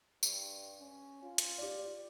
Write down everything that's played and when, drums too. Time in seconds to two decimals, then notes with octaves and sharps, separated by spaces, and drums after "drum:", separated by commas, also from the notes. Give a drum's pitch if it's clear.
0.23 G2, drum: tambourine
0.80 C#4
1.23 F4
1.38 drum: hi-hat
1.58 G4 D5